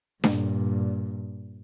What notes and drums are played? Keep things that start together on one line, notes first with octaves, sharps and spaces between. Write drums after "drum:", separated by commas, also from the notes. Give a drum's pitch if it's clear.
G2 A#2, drum: snare D4